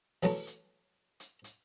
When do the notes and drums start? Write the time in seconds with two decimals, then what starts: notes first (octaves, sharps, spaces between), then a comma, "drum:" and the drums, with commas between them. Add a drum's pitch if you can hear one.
0.23 E3 F#3 A3 B3, drum: open hi-hat
0.47 drum: hi-hat
1.20 drum: hi-hat
1.44 drum: hi-hat